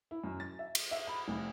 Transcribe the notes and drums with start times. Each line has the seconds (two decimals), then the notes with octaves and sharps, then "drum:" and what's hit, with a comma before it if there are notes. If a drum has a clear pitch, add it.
0.11 E4
0.24 F#2
0.40 A6
0.59 E5
0.75 drum: cymbal
0.91 E5
1.07 B5
1.28 F1